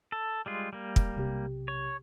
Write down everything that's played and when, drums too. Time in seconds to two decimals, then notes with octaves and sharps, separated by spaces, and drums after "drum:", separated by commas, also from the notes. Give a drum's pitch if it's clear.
0.12 A4
0.46 G3 G#3 F4
0.73 G3 A#3
0.96 drum: kick
1.15 B1 C3 G4
1.68 C#5